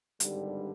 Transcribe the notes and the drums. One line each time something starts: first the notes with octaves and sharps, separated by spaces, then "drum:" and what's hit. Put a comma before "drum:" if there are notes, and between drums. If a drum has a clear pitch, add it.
G#1 G2 D3 G3, drum: hi-hat